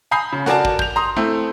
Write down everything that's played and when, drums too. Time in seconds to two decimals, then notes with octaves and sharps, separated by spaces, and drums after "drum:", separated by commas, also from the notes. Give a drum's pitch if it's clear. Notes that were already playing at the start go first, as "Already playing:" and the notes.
0.11 G#5 A#5 B5 D#6 G6 C7
0.33 C#3
0.46 F#4 A#4 D5 G#5 A5, drum: snare
0.65 drum: kick
0.79 G6 F7, drum: kick
0.96 A#5 C6 D#6
1.16 A3 C4 E4